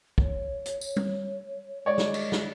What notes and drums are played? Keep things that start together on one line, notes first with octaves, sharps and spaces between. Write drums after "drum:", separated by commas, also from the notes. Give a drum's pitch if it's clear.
C#5, drum: kick
drum: hi-hat
drum: tambourine
drum: tom G3
G#3 C#5 D5
drum: snare
drum: cymbal
drum: snare